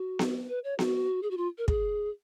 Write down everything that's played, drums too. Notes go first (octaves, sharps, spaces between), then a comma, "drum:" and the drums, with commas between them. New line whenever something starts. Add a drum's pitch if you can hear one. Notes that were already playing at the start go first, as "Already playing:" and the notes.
Already playing: F#4
drum: snare B3
B4
C#5
F#4, drum: snare B3
G#4
F#4
F4
A#4
G#4, drum: kick